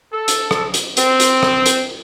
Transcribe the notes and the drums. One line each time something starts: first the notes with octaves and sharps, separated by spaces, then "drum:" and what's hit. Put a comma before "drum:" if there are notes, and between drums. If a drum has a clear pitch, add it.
A4
drum: hi-hat
drum: rim click
drum: hi-hat
C4, drum: hi-hat
drum: hi-hat
drum: rim click
drum: hi-hat